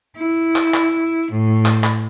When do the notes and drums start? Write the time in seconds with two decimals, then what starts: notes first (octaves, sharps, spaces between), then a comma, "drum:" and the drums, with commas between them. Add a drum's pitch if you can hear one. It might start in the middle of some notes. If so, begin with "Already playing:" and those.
0.16 E4
0.56 drum: clap
0.74 drum: clap
1.29 A2
1.65 drum: clap
1.84 drum: clap